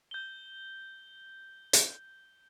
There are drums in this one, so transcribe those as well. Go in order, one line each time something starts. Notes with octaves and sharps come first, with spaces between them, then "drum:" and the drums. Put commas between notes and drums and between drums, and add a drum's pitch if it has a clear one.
G6 G7
drum: hi-hat